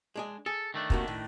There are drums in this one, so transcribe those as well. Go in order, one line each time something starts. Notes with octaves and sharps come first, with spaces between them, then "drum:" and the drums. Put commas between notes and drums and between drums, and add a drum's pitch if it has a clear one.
G#3 D4 G#4
G#4 A4
D#3 A3 D4
C3 A#3 F#4, drum: kick
A2